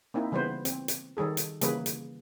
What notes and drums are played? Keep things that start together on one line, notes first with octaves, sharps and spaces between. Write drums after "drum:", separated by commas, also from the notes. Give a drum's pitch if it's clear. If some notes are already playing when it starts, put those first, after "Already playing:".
A#3 C4 D#4 E4
C#3 E3 G3 B3 B4 C5
C4, drum: hi-hat
drum: hi-hat
D#3 G3 G#4 A4
drum: hi-hat
C#3 E3 G3 A#3 G#4 B4, drum: hi-hat
drum: hi-hat